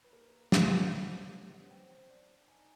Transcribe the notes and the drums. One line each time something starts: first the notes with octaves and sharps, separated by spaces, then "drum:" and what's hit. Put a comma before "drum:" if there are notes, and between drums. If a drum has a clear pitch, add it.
B4
A#3 A#4
A#3, drum: snare
B3 C5
D5
B3 C#5
F#5
C#4
C4 G5
D4
D#4 G#5